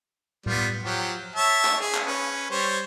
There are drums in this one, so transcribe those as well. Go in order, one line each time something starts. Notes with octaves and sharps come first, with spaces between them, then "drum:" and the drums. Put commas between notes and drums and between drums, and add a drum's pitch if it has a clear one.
G3 B3 F4, drum: tom A2
F3 F#3 G4
C#5 E5 A5
drum: clap
G#4
drum: clap
C#4 B4
G3 C5 C#5